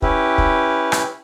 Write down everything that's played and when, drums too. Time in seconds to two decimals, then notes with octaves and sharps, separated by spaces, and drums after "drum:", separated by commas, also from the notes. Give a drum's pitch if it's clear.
0.02 C#4 E4 G4 B4, drum: kick
0.38 drum: kick
0.92 drum: rim click